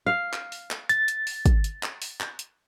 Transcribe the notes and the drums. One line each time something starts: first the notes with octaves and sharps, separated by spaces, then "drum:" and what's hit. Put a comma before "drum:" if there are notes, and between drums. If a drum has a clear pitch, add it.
F5
drum: clap
drum: open hi-hat
drum: clap
A6, drum: hi-hat
drum: hi-hat
drum: open hi-hat
drum: kick, hi-hat
drum: hi-hat
drum: clap
drum: open hi-hat
drum: clap
drum: hi-hat